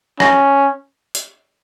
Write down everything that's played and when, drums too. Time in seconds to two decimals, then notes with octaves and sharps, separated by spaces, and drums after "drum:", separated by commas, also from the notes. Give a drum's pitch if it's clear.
0.20 C#4, drum: rim click
1.15 drum: hi-hat